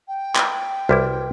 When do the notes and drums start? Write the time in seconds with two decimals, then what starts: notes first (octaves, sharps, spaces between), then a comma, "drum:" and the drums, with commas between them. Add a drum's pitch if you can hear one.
0.07 G5
0.36 drum: clap
0.89 C2 G3 E4 F#4 B4